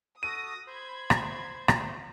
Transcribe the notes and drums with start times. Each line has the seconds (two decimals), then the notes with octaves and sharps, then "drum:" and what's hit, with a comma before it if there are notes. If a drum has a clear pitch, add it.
0.23 F#4 A4 D#6 A#6 D#7
0.67 C5 B5 G#6
1.10 drum: rim click
1.68 drum: rim click